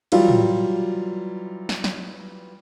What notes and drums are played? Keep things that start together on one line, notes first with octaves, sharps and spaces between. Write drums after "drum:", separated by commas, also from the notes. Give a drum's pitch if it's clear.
E3 F#3 G3 F4, drum: cymbal
drum: tom A2
drum: snare
drum: snare